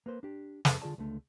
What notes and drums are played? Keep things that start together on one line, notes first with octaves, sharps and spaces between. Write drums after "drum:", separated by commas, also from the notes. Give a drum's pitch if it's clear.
A#3 B4 C5
D4 G4
F2 G#4 A4 B4, drum: snare
D3 F4 G#4 D5 A5
C#2 D3 A3